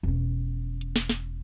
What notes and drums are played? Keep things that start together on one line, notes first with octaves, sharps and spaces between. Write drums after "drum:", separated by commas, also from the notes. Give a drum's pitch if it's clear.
E1 C#4
drum: hi-hat
drum: snare
drum: snare